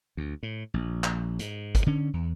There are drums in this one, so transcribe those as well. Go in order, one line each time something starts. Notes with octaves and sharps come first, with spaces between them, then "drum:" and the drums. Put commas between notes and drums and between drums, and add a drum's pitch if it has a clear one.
D2
A2
A#1
drum: clap
G#2, drum: hi-hat
drum: kick G1, hi-hat
D3 C#4
E2